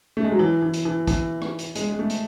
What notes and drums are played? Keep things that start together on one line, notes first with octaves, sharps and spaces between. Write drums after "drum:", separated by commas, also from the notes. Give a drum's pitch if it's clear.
A3
G#3
F#3
E3
E3
drum: hi-hat
E3
E3, drum: kick, hi-hat
drum: rim click
drum: hi-hat
G#3, drum: hi-hat
G#3
A3
drum: hi-hat